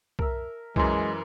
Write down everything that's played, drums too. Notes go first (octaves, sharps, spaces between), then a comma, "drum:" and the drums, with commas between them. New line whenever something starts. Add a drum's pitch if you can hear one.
A#4 E5, drum: kick B1
F#2 E3 G#3 A#4 C5, drum: kick B1